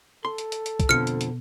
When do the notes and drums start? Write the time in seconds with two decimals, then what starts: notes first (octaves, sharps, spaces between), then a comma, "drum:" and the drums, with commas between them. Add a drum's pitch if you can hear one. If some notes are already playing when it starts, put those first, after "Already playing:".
0.25 A4 C6
0.38 drum: hi-hat
0.52 drum: hi-hat
0.66 drum: hi-hat
0.80 drum: kick B1, hi-hat
0.89 F2 B2 D3 F3 B3 F6 C#7
1.07 drum: hi-hat
1.21 drum: hi-hat